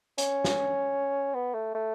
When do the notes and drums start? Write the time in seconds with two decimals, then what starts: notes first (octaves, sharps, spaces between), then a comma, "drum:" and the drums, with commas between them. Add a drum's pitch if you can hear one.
0.18 C#4, drum: hi-hat
0.44 drum: snare
1.34 B3
1.54 A3
1.74 A3